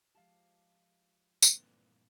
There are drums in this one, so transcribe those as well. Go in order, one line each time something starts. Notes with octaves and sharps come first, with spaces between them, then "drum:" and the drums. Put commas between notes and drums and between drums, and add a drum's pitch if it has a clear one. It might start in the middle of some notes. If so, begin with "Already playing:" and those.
F3 G#3 G4 F5 A5
G2 A#2 D3 E3 A#3 C4 B4 A#5, drum: tambourine